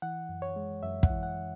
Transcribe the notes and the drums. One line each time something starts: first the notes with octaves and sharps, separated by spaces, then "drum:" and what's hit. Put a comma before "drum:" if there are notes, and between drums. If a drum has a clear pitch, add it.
E3 F#5
F#2
C#5
G#3
F#2 E5
F#5, drum: kick
E3
F#5